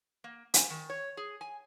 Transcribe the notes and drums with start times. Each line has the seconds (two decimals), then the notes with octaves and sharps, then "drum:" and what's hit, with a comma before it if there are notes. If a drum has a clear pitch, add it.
0.24 A#3
0.54 G#5, drum: hi-hat
0.70 D#3
0.90 C#5
1.17 G#4
1.41 G#5